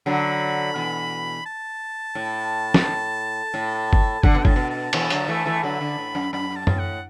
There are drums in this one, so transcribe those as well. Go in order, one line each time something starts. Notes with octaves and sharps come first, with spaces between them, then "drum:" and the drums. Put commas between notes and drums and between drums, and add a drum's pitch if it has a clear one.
D3 F#3 B5
B2 E3
A5
A2
drum: snare
A2
drum: kick
D3 F#5, drum: kick
B2
A2 A5, drum: kick
B2
A5
B2 E3, drum: cymbal
D3 F#3, drum: hi-hat
E3 A3
E3 A3
D3 F#3 B5
D3
A2
F#2
F#2 B5
A5
A2, drum: tom F#2
F#5